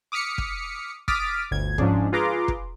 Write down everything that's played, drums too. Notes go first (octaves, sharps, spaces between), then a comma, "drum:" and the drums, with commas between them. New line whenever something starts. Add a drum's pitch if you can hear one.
D6 D#6 F6 B6 C#7
drum: kick
D6 D#6 F6 A6 B6 D7, drum: kick
G1 D2 G#6
G#2 F3 C#4 D4 G#4, drum: kick
F4 G#4 B4 A#5 C6 D6
drum: kick